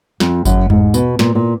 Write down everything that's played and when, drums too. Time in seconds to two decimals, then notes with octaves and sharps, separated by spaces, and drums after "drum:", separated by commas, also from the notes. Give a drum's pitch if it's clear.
0.20 F2, drum: snare
0.45 F#2, drum: kick G1, tambourine
0.70 G#2, drum: tom E2
0.94 B2, drum: tambourine
1.19 A#2, drum: snare
1.35 A#2